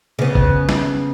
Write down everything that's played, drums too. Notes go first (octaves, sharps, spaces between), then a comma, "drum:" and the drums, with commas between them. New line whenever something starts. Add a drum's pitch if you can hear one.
C#3 B3
drum: kick G#1
drum: snare